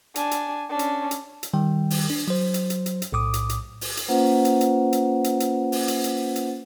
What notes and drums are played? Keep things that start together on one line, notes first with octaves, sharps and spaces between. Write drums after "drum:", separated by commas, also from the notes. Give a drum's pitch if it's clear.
D4 G#5, drum: hi-hat
drum: hi-hat
C#4 D4
drum: hi-hat
drum: hi-hat
drum: hi-hat
D#3 G3 G5
drum: open hi-hat
D4
F#3 C5
drum: hi-hat
drum: hi-hat
drum: hi-hat
drum: hi-hat
B1 A2 D6 D#6
drum: hi-hat
drum: hi-hat
drum: open hi-hat
drum: hi-hat
A#3 C#4 F4 B4 C5 F#5
drum: hi-hat
drum: hi-hat
drum: hi-hat
drum: hi-hat
drum: hi-hat
drum: open hi-hat
drum: hi-hat
drum: hi-hat
drum: hi-hat